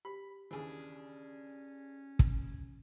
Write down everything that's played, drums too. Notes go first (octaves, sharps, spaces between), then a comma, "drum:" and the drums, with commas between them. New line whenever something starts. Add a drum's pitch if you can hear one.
G4 B5
D#2 C#3 E3 C#4 D4 G#4
drum: kick